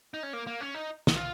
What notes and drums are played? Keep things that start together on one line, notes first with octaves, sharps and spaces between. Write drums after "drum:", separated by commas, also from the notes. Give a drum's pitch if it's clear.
D#4
C#4
A#3
A#3
C#4
D#4
drum: snare
F4